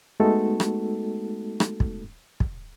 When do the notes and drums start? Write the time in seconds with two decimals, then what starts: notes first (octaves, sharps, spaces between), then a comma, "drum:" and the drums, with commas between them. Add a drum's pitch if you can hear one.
0.20 G#3 A3 B3 D#4 F#4 A4
0.60 drum: rim click
1.60 drum: rim click
1.80 drum: kick
2.40 drum: kick